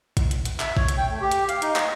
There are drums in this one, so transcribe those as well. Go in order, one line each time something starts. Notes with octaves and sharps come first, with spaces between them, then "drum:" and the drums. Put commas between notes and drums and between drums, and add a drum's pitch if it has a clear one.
drum: kick A1, hi-hat
drum: hi-hat
drum: hi-hat
E5, drum: clap
C#5, drum: kick A1
drum: hi-hat
G5
A3
G4
drum: hi-hat
F5, drum: hi-hat
D#4, drum: hi-hat
D#5, drum: clap